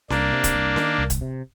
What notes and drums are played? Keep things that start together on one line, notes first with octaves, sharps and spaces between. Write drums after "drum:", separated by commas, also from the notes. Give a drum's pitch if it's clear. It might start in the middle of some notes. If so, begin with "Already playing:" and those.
C2 A#3 D4, drum: snare C#4
C3
drum: kick, hi-hat
C2
D#3, drum: snare C#4
C2
drum: kick, hi-hat
C3